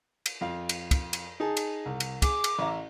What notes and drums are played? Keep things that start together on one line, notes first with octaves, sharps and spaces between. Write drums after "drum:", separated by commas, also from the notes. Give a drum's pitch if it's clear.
drum: cymbal
F2 F5
drum: cymbal
drum: kick, cymbal
drum: cymbal
D#4 G#4 A5
drum: cymbal
C2
drum: cymbal
G#4 D6, drum: kick, cymbal
drum: cymbal
A1 E5 A#5